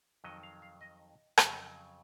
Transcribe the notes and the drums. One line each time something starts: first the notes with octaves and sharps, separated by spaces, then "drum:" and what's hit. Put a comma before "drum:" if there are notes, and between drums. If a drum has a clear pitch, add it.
F2 D#3 F#3 D#5
F5
F5
D#5
F2 C#3 F#3, drum: rim click